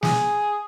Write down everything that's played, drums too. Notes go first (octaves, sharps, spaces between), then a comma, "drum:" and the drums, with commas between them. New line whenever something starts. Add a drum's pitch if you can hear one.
G#4, drum: snare